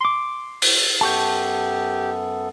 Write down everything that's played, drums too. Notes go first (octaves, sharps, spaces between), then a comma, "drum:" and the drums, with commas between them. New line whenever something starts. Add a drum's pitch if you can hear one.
C6 D6
drum: open hi-hat
F#2 B3 G4 A4 A5 C#6 G6